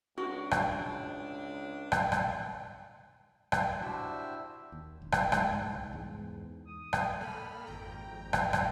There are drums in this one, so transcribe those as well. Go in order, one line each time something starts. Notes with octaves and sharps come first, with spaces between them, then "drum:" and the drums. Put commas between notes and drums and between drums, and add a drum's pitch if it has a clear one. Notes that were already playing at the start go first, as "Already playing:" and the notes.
C#2 D4 F#4
drum: rim click
drum: rim click
drum: rim click
drum: rim click
D4 E4 F#4 G4 C5 E5
D#2
E1
drum: rim click
G#2, drum: rim click
C2
E2 G#2
D#6
drum: rim click
A#3 A4 B5 F6
G#1 F2 G5 A#5
drum: rim click
drum: rim click